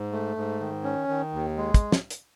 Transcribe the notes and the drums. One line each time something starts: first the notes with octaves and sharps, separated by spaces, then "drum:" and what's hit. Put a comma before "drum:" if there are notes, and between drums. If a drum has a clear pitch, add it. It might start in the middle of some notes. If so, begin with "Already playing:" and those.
Already playing: G#2
A3
G#2
D#3
C#4
D#3
D#2
G#3
drum: kick, hi-hat
drum: snare
drum: hi-hat